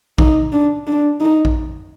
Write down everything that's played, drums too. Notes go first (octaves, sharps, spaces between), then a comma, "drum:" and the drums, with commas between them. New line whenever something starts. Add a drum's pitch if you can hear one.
D#4, drum: kick A#1
D4
D4
D#4
drum: kick A#1